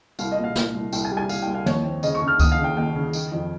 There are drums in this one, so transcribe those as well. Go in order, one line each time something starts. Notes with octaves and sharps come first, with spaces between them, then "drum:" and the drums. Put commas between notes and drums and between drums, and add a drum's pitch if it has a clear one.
C2 F5, drum: tambourine
D#5
A#2
F5
A#2, drum: snare
C2
C2 G5, drum: tambourine
G#5
G3
G#5
G3 F5, drum: tambourine
G5
C2
F5
D#2 C#5, drum: tom
C4
C#3 D#5, drum: tambourine
C#6
C#3
F6
D#2 D#6, drum: kick C#2, tambourine
F5
C#3
G5
D#2 G5
C#3
D#3, drum: tambourine
F2